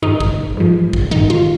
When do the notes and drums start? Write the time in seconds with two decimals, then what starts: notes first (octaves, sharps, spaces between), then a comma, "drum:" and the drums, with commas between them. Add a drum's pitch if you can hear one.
0.02 G#2 D#3 D#4
0.20 drum: kick
0.57 G#2 F3
0.93 drum: kick
1.11 G#2 D#3 D#4
1.30 F4